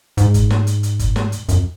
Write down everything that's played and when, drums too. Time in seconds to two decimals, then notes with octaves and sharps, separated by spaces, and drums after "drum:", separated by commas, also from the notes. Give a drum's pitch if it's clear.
0.17 G#2, drum: hi-hat
0.34 drum: kick G1, hi-hat
0.50 drum: snare
0.67 drum: hi-hat
0.83 drum: hi-hat
0.99 drum: kick G1, hi-hat
1.16 drum: snare
1.32 drum: hi-hat
1.49 F#2, drum: hi-hat